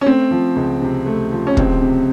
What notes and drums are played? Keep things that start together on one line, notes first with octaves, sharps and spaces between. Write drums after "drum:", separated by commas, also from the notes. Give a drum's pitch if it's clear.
C#4
A3 C4
F3
C#2
C3
A3
F3
C#4
C#2 C4, drum: kick
C3